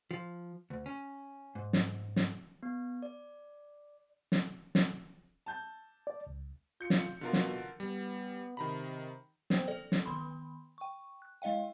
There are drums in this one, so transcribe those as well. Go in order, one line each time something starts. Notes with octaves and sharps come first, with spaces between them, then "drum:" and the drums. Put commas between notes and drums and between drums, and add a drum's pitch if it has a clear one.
F3
D2
C#4
G#2
drum: snare
drum: snare
B3
D5
drum: snare
drum: snare
A5 G6
D5
C#2
F4 G6 C#7
drum: snare
B2 D3 F4 A#4
drum: snare
G3 B3
C3 D#3 A#5 B5
B3 C5 G5, drum: snare
A4 D5
drum: snare
D#3 B3 B5 C6
G5 C#6
F#6
G#3 E4 D#5 F5 G5